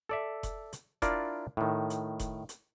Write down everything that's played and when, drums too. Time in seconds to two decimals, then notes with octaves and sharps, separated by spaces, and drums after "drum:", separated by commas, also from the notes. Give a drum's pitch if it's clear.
0.09 A4 D5 E5
0.43 drum: kick F1, hi-hat
0.73 drum: hi-hat
1.02 D4 E4 F4 A#4 D5, drum: kick F1, hi-hat
1.57 A2 D#3
1.90 drum: hi-hat
2.19 drum: kick F1, hi-hat
2.49 drum: hi-hat